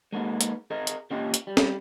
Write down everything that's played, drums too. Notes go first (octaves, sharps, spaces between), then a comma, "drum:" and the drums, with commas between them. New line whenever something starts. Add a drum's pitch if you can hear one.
G#3 A#3 B3 D#4
drum: hi-hat
G#4 A#4 D#5
drum: hi-hat
A#2 A#3 C#4 F4 G4 D#5
drum: hi-hat
G3
drum: snare